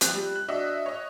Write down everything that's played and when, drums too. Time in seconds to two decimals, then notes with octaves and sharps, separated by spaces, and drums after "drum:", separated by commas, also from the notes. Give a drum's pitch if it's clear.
0.01 F3 C4 G5 F#6, drum: hi-hat
0.14 G3
0.36 F#6
0.48 D4 F#4 D#5 E5
0.86 C#5 D#5